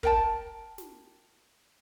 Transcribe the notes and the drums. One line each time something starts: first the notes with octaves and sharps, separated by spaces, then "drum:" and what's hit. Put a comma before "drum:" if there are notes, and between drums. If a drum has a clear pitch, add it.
A#4 G5 A5, drum: kick
drum: snare